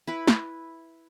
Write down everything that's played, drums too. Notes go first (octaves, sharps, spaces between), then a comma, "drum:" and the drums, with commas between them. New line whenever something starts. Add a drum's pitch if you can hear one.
E4 B4
drum: snare